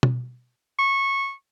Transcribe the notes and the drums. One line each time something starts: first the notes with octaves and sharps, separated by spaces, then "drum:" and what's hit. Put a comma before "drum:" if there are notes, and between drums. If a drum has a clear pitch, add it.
drum: tom
C#6